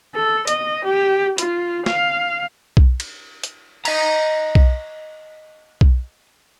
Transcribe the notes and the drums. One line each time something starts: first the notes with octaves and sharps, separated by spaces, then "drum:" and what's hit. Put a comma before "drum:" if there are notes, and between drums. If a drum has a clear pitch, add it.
A4
D#5, drum: hi-hat
G4
F4, drum: hi-hat
F5, drum: snare
drum: kick B1
drum: cymbal
drum: hi-hat
D#5 A#5, drum: cymbal
drum: kick B1
drum: kick B1